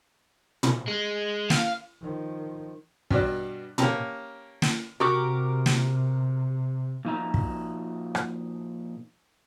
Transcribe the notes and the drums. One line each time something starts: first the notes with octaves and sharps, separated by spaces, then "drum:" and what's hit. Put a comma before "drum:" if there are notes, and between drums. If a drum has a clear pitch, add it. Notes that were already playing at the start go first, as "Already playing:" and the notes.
drum: tom
G#3
F5, drum: snare
D#3 F3
G2 B2 D4, drum: kick
A#3 C#4 G4 A5 A#5, drum: tom
drum: snare
C3 F#4 G4 A#4 D6
drum: snare
A#2 F3 D#4 E5 A#5
drum: kick
drum: rim click